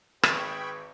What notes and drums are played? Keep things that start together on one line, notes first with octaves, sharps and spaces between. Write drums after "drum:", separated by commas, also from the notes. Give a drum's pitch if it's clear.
G#1 G#4 B4 G5 B5 C#6 E6, drum: rim click